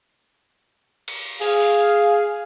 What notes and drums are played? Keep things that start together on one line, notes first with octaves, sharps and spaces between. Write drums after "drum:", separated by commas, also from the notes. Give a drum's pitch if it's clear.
drum: cymbal
G#4 F5, drum: open hi-hat
drum: open hi-hat